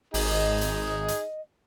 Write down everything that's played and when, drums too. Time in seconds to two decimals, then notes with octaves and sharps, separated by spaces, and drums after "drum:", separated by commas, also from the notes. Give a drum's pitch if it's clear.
0.14 G#1 D#4 G#4 D#5, drum: open hi-hat
0.61 drum: hi-hat
1.08 drum: hi-hat